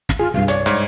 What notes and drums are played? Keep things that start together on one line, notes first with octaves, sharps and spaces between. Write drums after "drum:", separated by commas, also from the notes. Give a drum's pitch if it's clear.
drum: snare
F4 G#4
C2 G2 F5
C#5 D5, drum: hi-hat
G#2 C#5, drum: hi-hat